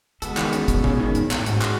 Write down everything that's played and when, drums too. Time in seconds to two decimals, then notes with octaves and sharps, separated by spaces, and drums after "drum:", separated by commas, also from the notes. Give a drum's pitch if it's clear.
0.22 C#3 G#3 B3 F#4 A4, drum: hi-hat
0.37 D#3, drum: clap
0.53 C#3, drum: hi-hat
0.68 B2, drum: kick, hi-hat
0.84 C#3, drum: tom B2
1.00 D#3
1.15 A2, drum: hi-hat
1.31 G#2, drum: clap
1.38 A2
1.46 G#2 G#3 C#4 F#4, drum: hi-hat
1.62 drum: clap